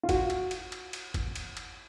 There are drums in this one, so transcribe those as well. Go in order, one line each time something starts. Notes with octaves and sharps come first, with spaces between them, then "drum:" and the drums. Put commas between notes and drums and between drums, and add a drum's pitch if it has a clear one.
F4
F#4, drum: kick, cymbal
drum: cymbal
drum: cymbal
drum: cymbal
drum: cymbal
drum: kick, cymbal
drum: cymbal
drum: cymbal